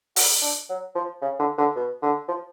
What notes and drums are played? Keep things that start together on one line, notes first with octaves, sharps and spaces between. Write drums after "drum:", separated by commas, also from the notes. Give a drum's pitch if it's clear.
F#4, drum: open hi-hat
D4
F#3
F3
C#3
D3
D3
B2
D3
F3